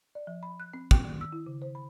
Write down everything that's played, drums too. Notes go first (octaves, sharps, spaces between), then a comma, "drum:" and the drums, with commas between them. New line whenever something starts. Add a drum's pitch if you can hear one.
D5
F3
B5
F#6
C4
G5, drum: kick
D#3
E6
E4
C#3
C5
B5